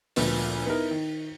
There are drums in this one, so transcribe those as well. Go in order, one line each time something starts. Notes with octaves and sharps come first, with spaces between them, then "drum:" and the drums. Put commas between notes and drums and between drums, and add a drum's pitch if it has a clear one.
D2 A#2 D3 F3 B3, drum: open hi-hat
B3 D#4 E4 A#4
D#3